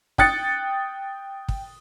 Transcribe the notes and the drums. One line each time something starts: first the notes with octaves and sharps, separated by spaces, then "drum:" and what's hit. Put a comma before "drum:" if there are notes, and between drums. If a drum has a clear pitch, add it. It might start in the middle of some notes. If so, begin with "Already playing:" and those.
G5 D#6 F#6 A6 C#7, drum: kick
drum: kick